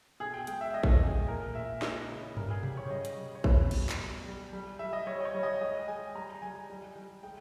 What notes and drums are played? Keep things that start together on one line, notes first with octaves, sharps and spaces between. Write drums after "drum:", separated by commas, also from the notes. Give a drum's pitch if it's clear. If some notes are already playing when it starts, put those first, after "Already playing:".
B2 G#4
G5
G#3 G5, drum: hi-hat
E5
G#3 D#5
drum: kick A1
A#2
A#2 A#4
A#2 E5
G#3 D#5, drum: snare
C#3 B4
G3 A#4, drum: tom G2
G#4
C#3 G4, drum: tom B2
C#5
G3 D#5
drum: hi-hat
G3
C#5
B2 B4, drum: kick A1
B2, drum: cymbal
drum: clap
G3
G3
G3
G3 E5
D#5
G3 C#5
D#5
C#5
G3
D#5
G#3 D#5
G#3 G#5
G3 A#5
G3 G#5
G3
G3
G#3 G5